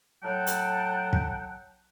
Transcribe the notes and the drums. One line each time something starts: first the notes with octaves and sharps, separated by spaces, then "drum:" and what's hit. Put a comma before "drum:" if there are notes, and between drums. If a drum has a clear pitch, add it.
A2 F#3 F#5 G5 A5
drum: hi-hat
drum: kick